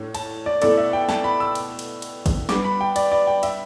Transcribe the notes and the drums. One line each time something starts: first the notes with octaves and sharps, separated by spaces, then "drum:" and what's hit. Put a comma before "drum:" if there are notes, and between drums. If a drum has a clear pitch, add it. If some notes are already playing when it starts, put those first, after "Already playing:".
Already playing: A2 D4
A5, drum: cymbal
D5
B2 A3 E4 A4 D5, drum: cymbal
E5
G5
A5, drum: snare
B5
E6
drum: cymbal
drum: cymbal
drum: cymbal
drum: kick G1, cymbal
G3 B3 D4 D6, drum: snare
B5
G5
D5, drum: cymbal
D5
G5
E5, drum: cymbal